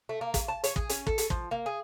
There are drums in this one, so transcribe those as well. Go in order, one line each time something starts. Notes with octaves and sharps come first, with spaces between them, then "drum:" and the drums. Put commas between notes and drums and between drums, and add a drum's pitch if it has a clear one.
A3
A#3
drum: kick, hi-hat
A5
C#5, drum: hi-hat
G#4, drum: kick
C#4, drum: hi-hat
A4, drum: kick
drum: hi-hat
F3, drum: kick
A#3
G#4